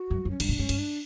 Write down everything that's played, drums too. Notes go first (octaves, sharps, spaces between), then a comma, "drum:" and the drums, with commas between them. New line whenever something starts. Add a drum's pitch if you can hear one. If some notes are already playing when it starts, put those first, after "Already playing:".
Already playing: F#4
F#2
F#2
C#4
G2 D4, drum: cymbal
A#2
G2 C#4
G2, drum: cymbal
D4